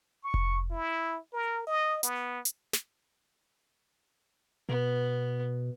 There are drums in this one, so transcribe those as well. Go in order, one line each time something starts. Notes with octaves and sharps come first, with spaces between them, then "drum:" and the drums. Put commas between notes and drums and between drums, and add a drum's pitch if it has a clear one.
C#6
drum: kick F1
E4
A#4
D#5
B3, drum: hi-hat
drum: hi-hat
drum: snare
B2 B3